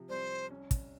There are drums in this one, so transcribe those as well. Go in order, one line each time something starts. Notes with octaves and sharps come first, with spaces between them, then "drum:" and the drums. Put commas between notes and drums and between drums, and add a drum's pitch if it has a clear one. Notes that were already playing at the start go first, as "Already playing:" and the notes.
Already playing: C3 F3
C2 C5
C#4
drum: kick, hi-hat